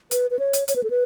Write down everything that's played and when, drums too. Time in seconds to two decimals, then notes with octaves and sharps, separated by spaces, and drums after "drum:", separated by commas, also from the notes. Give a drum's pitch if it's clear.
0.11 B4, drum: hi-hat
0.31 B4
0.39 C#5
0.53 drum: hi-hat
0.68 C#5, drum: hi-hat
0.76 B4
0.83 A4
0.90 B4